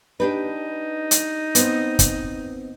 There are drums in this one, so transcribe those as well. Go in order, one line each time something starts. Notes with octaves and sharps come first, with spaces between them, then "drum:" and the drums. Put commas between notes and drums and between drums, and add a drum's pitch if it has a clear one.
D4 D#4 G4 B4
drum: hi-hat
B3 C4, drum: hi-hat
drum: kick, hi-hat